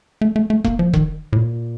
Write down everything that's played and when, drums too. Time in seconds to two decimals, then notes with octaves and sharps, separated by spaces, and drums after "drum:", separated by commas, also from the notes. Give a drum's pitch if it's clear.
0.21 A3
0.36 A3
0.50 A3
0.65 A#3, drum: kick E1
0.79 F3
0.94 D#3, drum: kick E1
1.33 A2
1.37 A#2